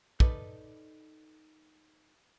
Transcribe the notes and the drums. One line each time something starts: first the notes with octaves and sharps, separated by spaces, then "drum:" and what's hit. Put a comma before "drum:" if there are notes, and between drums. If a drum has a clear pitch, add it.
D#4 A4 B4 D5, drum: kick